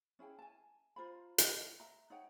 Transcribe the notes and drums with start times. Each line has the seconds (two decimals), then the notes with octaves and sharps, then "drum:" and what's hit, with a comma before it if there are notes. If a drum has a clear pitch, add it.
0.19 C#4 E4 G#4 G5
0.39 G#5 A5
0.96 F4 C5 A#5 B5
1.38 C#5 D#5 A5, drum: hi-hat
1.80 E5 A#5
2.10 D#4 C#5 F#5 G5